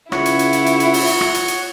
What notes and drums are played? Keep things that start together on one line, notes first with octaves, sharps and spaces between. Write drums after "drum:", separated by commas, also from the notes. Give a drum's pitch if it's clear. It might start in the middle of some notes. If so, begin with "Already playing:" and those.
C#2 E4 F4 C#5 F#5, drum: rim click
drum: hi-hat
drum: hi-hat
drum: hi-hat
drum: hi-hat
drum: hi-hat
drum: open hi-hat
drum: hi-hat
drum: rim click
drum: hi-hat
drum: hi-hat